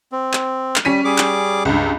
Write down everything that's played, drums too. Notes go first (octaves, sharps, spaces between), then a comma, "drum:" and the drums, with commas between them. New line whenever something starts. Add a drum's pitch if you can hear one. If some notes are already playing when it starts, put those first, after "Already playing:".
C4
drum: clap
drum: clap
G3 C#4 B6 D#7
G3 G#4 D6
drum: clap
C#2 G2